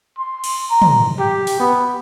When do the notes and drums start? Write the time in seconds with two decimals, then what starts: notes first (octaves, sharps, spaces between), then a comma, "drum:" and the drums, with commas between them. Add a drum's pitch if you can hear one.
0.19 C6
0.44 drum: cymbal
0.71 A#5
0.82 drum: tom
1.19 G4
1.47 drum: open hi-hat
1.60 B3